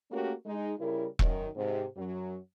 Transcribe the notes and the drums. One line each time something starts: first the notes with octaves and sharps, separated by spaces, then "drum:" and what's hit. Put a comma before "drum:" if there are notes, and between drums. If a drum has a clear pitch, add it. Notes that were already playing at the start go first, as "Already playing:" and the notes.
A3 A#3 C#4 F#4 G4 A#4
G#3 D#4
C#3 G3 E4 A#4
F#2 D#3, drum: kick E1
G#2 C3
F#2 F#3